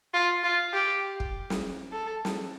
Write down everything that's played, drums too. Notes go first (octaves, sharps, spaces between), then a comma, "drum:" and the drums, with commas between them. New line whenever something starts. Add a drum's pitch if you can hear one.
F4
F4
G4
drum: kick
drum: snare
A4
drum: snare